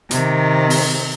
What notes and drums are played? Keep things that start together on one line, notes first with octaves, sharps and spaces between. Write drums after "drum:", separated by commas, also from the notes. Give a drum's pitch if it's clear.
C3 D#3, drum: hi-hat
drum: open hi-hat